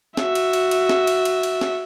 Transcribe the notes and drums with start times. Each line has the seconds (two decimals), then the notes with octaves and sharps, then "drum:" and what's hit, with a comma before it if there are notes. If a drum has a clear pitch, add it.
0.17 F#4 E5, drum: snare
0.35 drum: cymbal
0.53 drum: cymbal
0.71 drum: cymbal
0.89 drum: snare
1.07 drum: cymbal
1.25 drum: cymbal
1.43 drum: cymbal
1.61 drum: snare